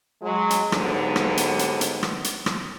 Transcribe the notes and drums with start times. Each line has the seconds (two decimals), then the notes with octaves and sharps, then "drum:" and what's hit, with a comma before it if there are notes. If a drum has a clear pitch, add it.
0.21 F#3 G#3
0.50 drum: hi-hat
0.72 D#2 G#2 D3 F#3 B3, drum: rim click
1.16 drum: rim click
1.37 drum: hi-hat
1.59 drum: hi-hat
1.81 drum: hi-hat
2.03 drum: rim click
2.24 drum: hi-hat
2.46 drum: rim click